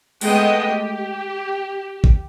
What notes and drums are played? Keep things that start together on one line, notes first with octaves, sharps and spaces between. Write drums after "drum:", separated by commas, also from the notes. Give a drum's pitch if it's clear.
G#3 A3 B3 D#5 G5, drum: open hi-hat
G4
drum: kick G#1